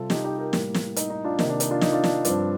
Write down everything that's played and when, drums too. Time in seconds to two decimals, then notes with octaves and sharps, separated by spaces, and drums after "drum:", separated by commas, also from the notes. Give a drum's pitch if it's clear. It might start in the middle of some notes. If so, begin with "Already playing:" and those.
Already playing: C3 G3 C4 F4 A4
0.10 D#4 G4, drum: snare
0.24 D#4 G4
0.39 G4 A#4
0.53 A2 G3 A#3, drum: snare
0.74 drum: snare
0.96 D#4, drum: hi-hat
1.10 D#4
1.24 D4 F4
1.39 C3 D#3 A#3 D#4, drum: snare
1.49 D4
1.60 D#4, drum: hi-hat
1.71 D4 F4
1.81 D#4, drum: snare
1.92 D4 F4
2.04 D4, drum: snare
2.25 G2 F3 C4 D4, drum: hi-hat